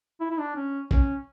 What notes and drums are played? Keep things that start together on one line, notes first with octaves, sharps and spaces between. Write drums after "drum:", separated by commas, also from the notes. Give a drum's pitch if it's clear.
E4
E4
D4
C#4
C#4, drum: kick